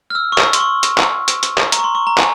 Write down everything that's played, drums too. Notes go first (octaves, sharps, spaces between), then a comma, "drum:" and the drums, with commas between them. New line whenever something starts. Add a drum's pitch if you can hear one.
F6
E6
C#6
E6, drum: clap
C6, drum: hi-hat
C#6
drum: hi-hat
drum: clap
drum: hi-hat
drum: hi-hat
drum: clap
A#5, drum: hi-hat
C#6
C6
C#6
A#5
G#5, drum: clap